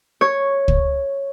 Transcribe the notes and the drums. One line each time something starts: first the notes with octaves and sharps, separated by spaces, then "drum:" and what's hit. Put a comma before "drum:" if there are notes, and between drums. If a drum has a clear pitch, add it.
C#5
drum: kick